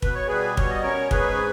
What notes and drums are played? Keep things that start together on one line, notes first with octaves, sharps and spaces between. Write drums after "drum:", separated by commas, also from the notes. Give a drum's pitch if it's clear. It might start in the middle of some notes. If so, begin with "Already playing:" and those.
B2 B4, drum: kick
C#5
G3 G#4 B4
B2 C#5, drum: kick
D#5
C#4 A#4 C#5
G#2 G#4 B4, drum: kick